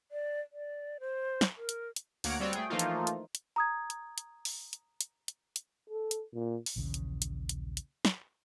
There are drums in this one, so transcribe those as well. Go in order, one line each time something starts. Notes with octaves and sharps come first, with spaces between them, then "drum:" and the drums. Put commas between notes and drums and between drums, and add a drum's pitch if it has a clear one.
D5
D5
C5
drum: snare
A#4
drum: hi-hat
drum: hi-hat
D2 A#3 C#5 F#5 A#5 D7, drum: open hi-hat
G3 C4 F#4 C#5 D5
A3 G#4 G5, drum: hi-hat
E3 F3 A3 A#3 D#4 F4
drum: hi-hat
drum: hi-hat
drum: hi-hat
A#5 D#6 G#6
drum: hi-hat
drum: hi-hat
drum: open hi-hat
drum: hi-hat
drum: hi-hat
drum: hi-hat
drum: hi-hat
A4
drum: hi-hat
A#2
drum: open hi-hat
A#1 D#2 C#3 E3
drum: hi-hat
drum: hi-hat
drum: hi-hat
drum: hi-hat
drum: snare